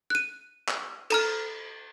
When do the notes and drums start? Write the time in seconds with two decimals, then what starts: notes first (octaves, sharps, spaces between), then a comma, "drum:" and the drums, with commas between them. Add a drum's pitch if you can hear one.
0.10 F#6 D#7
0.68 drum: clap
1.10 A4 A#5 F6, drum: cymbal